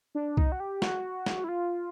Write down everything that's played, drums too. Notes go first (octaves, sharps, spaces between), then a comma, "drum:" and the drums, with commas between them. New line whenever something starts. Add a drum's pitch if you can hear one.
D4
D#4, drum: kick C2
F#4
G4
F#4, drum: snare
drum: snare
E4
F4